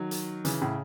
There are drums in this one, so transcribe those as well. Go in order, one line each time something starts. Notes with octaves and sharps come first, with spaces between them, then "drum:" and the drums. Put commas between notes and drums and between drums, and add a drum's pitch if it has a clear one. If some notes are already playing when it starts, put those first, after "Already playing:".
Already playing: D#3 F#3
drum: hi-hat
C#3 E3, drum: hi-hat
A2 C#3